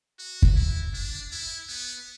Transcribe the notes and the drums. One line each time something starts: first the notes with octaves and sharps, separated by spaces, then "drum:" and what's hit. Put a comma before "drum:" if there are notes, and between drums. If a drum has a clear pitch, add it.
F#4
drum: kick
E4
D4
E4
B3